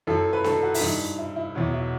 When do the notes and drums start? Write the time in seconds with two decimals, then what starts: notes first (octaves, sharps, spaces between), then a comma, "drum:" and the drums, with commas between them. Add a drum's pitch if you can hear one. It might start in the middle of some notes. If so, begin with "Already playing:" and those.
0.07 F#2 E3 A4
0.33 B4
0.44 A4, drum: snare D4
0.62 F#4
0.74 E4, drum: open hi-hat
0.81 G2 E3 D#4
1.18 E4
1.36 E4
1.55 E2 B2 F#3
1.73 E4